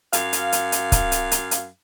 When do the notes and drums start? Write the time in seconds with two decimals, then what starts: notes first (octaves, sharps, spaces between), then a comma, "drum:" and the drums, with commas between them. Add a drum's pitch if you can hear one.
0.13 F#2 F5, drum: hi-hat
0.33 drum: hi-hat
0.52 drum: hi-hat
0.72 drum: hi-hat
0.92 drum: kick, hi-hat
1.12 drum: hi-hat
1.31 drum: hi-hat
1.51 drum: hi-hat